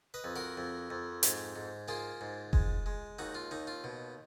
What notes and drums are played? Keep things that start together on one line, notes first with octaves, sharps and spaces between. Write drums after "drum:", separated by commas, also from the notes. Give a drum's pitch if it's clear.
B4 D#5
F2
F#4 A#4
F2
F2
G#2, drum: hi-hat
G#2
A#3 F4 G#4
G#2
G#3, drum: kick F1
G#3
D#2 D#4 F#4
F4
D#2 D#4
F4
B2